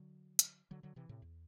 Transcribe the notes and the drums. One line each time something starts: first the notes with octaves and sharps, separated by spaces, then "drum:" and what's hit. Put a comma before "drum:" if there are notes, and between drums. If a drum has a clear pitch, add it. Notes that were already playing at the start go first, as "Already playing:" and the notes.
Already playing: D3 F#3
drum: hi-hat
D3 F#3
D3 F#3
C3 E3
A2 C3
E2